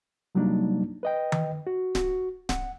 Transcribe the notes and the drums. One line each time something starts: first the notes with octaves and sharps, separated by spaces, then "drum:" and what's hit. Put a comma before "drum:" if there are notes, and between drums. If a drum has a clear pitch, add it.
C3 F#3 G3 A#3 D4 D#4
B4 D#5 G5
drum: tom D#3
F#4
F#4, drum: snare D1
F#5, drum: snare D1